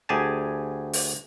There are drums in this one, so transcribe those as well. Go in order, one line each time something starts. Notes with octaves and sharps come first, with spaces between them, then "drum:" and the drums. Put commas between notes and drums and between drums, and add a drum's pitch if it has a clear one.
D2 G4 G#4 G#5 A5
drum: open hi-hat